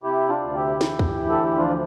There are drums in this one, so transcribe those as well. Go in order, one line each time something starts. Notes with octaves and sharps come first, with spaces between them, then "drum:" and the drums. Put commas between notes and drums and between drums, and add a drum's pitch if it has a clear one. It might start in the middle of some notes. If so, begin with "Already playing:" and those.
C3 E4 G4
D4 F4
D2
E4 G4
E3, drum: snare
drum: kick
D2
A4
G4
F3 D4 F4